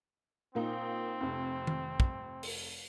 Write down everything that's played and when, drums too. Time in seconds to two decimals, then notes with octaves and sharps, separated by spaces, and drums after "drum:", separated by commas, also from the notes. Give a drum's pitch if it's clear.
0.55 A#2 A#3 C4 D#4
1.21 F1 F2
1.67 drum: tom D#3
2.00 drum: kick
2.43 drum: open hi-hat